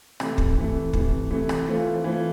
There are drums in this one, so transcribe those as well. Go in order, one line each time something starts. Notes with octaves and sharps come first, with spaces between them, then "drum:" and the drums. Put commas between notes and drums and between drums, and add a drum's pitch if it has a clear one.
C3 E3 A3, drum: rim click
drum: kick
C3 E3 A3
C3 E3 A3, drum: kick
C3 E3 A3
drum: rim click
E3 A3 C4 F4
E3 A3 C4 F4